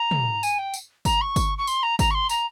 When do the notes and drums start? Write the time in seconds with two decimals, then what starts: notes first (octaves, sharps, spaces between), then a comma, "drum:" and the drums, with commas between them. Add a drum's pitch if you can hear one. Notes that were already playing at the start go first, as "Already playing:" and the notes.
Already playing: A#5
0.11 drum: tom
0.43 G#5, drum: tambourine
0.58 G5
0.74 drum: tambourine
1.05 A#5, drum: kick G#1, tambourine
1.21 C#6
1.36 drum: kick G#1, tambourine
1.58 C#6
1.67 C6, drum: tambourine
1.83 A#5
1.99 A#5, drum: kick G#1, tambourine
2.10 C#6
2.14 C6
2.29 A#5, drum: tambourine